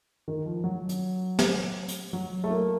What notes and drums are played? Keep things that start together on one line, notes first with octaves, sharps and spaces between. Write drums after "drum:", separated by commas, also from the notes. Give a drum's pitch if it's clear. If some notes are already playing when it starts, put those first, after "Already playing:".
D#3
F3
F#3
drum: hi-hat
drum: snare
drum: hi-hat
F#3
A3
A#3